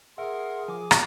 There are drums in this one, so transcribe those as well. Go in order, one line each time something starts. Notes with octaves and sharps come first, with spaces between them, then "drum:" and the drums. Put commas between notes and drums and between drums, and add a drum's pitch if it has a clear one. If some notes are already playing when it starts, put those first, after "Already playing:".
G#4 A#4 E5 F#5 C6
F3 G#5 D6
drum: rim click